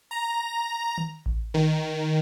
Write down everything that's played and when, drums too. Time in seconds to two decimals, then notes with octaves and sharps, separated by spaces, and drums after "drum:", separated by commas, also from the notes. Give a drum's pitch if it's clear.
0.11 A#5
0.98 drum: tom D#3
1.26 drum: kick A1
1.54 D#3